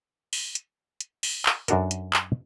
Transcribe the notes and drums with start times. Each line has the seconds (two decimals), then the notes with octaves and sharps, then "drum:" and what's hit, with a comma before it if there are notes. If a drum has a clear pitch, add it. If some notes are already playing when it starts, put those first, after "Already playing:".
0.33 drum: open hi-hat
0.55 drum: hi-hat
1.00 drum: hi-hat
1.23 drum: open hi-hat
1.46 drum: clap
1.68 F#2 F#3 D4 F#4 A4 A#4, drum: hi-hat
1.91 drum: hi-hat
2.13 drum: clap